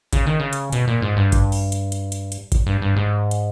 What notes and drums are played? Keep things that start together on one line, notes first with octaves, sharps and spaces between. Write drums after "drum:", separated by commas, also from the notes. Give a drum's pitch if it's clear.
C#3, drum: kick A1, hi-hat
D#3
C#3
drum: hi-hat
B2, drum: hi-hat
A#2
G#2
G2
drum: kick A1, hi-hat
drum: open hi-hat
drum: hi-hat
drum: hi-hat
drum: hi-hat
drum: hi-hat
drum: kick A1, hi-hat
G2
G2
G#2
drum: hi-hat